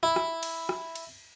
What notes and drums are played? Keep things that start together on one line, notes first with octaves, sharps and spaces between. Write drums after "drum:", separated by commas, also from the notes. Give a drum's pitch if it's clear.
E4
drum: rim click
drum: cymbal
drum: rim click
drum: cymbal